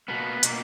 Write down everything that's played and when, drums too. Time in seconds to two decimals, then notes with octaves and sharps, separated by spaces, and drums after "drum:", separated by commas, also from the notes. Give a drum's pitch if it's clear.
0.08 B2 A#3 B3
0.43 B2 A#3, drum: hi-hat